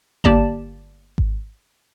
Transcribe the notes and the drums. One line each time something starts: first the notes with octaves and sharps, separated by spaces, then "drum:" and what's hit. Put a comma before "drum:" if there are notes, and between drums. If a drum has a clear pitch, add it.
G1 A#3 G4 D5 A5 E7, drum: kick G#1
drum: kick G#1